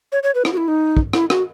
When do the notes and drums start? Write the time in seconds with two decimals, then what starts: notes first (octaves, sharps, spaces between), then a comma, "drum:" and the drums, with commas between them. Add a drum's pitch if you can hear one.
0.12 C#5
0.23 C#5
0.35 B4
0.45 E4, drum: rim click
0.53 F#4
0.57 E4
0.68 D#4
0.97 drum: kick
1.13 E4, drum: rim click
1.30 F#4, drum: rim click